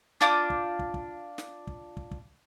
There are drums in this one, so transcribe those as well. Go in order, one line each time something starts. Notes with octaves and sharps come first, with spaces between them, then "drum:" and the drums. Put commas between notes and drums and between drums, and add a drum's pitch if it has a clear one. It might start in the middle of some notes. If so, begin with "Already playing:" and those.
D4 F4 D6 G6, drum: snare
drum: kick
drum: kick
drum: kick
drum: snare
drum: kick
drum: kick
drum: kick